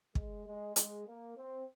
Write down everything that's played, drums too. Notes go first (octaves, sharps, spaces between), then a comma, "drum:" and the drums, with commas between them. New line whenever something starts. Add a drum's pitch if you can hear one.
G#3, drum: kick
G#3
G#3, drum: hi-hat
A#3
C4